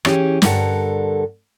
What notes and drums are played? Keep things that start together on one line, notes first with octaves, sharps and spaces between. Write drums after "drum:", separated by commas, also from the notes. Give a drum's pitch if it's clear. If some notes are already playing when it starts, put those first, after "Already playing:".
E3 C#4 G4 G#4, drum: rim click
G2 D3 A4 A#4 F#5, drum: snare